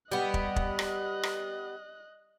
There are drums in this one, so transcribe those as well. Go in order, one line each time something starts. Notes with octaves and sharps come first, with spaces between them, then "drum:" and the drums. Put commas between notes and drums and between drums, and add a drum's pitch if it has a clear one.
G3 B3 G4 D#5 F#6
drum: kick
drum: kick
drum: rim click
drum: rim click